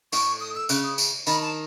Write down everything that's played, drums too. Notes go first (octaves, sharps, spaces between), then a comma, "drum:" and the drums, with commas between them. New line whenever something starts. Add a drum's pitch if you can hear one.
A2 C#6, drum: tambourine
D#6
E6
C#3 F#6, drum: tambourine
D#6
drum: tambourine
D#3 B5, drum: tambourine
A5